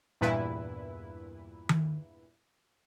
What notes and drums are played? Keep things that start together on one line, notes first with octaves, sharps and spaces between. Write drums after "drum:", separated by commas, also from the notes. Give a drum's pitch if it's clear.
E2 G2 A#2 E4 B4
drum: tom D#3